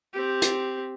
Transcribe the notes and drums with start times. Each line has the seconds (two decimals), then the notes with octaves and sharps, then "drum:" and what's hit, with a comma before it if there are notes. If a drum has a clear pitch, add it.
0.14 C4 G4
0.42 drum: hi-hat